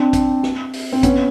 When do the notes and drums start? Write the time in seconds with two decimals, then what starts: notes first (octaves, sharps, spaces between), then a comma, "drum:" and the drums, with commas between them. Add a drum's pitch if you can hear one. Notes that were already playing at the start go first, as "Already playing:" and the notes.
Already playing: C4 D4
0.13 drum: kick, hi-hat
0.43 drum: snare
0.73 drum: open hi-hat
0.92 C4
1.03 B3 C#4, drum: kick, hi-hat